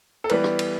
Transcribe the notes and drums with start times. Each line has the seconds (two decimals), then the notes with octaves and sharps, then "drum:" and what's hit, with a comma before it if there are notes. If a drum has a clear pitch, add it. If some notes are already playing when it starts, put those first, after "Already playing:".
0.24 A4
0.29 E3 G3 B3 B4, drum: cymbal
0.44 drum: rim click
0.59 drum: cymbal